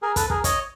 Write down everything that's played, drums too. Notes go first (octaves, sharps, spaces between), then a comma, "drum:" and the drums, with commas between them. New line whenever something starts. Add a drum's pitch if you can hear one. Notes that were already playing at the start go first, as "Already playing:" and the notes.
G#4 A#4
A4 B4, drum: kick, hi-hat
G#4 A#4, drum: kick
C#5 D#5, drum: kick, hi-hat